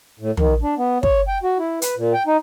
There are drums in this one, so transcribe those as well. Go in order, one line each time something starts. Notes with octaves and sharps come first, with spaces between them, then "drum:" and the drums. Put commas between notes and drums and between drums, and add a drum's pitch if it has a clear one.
A2
D#3, drum: tom
D4
B3
C#5, drum: kick
G5
F#4
E4
B4, drum: hi-hat
A#2
G5
D#4